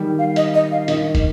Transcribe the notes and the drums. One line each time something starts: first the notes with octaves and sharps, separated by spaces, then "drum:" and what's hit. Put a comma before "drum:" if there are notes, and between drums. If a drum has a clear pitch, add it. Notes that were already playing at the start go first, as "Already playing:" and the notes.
Already playing: D#3 G3
F5
D#5, drum: hi-hat
D#5
F5
D#3 D#5, drum: hi-hat
drum: kick, hi-hat